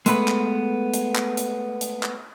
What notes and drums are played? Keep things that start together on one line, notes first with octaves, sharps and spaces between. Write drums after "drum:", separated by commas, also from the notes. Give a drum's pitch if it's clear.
G#3 A3 B3 B4, drum: hi-hat
drum: clap
drum: hi-hat
drum: clap
drum: hi-hat
drum: hi-hat
drum: clap